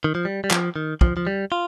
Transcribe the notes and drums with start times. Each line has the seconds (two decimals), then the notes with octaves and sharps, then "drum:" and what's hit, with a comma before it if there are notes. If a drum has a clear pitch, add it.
0.04 D#3
0.15 F3
0.25 G3
0.44 G3
0.51 F3, drum: clap
0.76 D#3
1.01 F3, drum: kick
1.17 F3
1.27 G3
1.52 F4